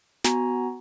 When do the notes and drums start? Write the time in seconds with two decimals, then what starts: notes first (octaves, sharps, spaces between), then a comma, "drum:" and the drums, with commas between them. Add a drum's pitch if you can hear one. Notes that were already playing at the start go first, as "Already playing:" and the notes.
0.24 B3 F#4 G#5 A#5, drum: snare